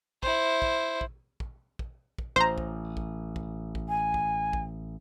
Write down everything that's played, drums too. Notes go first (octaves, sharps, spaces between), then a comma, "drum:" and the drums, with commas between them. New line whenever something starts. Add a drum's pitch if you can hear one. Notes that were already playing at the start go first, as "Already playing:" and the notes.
E4 C5, drum: kick
drum: kick
drum: kick
drum: kick
drum: kick
drum: kick
A1 C5 A#5
drum: kick
drum: kick
drum: kick
drum: kick
G#5
drum: kick
drum: kick